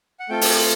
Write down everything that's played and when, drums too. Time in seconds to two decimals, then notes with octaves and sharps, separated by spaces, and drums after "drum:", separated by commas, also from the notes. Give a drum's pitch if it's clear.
0.20 F#5
0.30 A3 C4 F4 A4 G5
0.41 drum: open hi-hat